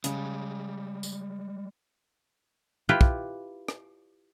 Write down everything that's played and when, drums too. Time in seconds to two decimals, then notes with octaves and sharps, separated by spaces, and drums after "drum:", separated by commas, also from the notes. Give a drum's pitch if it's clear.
0.04 C#3 G3 G#3, drum: hi-hat
1.03 drum: tambourine
2.89 E4 F4 G4 B4
3.01 drum: kick
3.68 drum: rim click